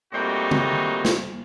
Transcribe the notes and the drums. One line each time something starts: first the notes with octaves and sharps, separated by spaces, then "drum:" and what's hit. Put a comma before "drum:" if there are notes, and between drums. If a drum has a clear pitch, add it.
A#2 G3 A3 C4 D#4 F#4
drum: tom C#3
drum: snare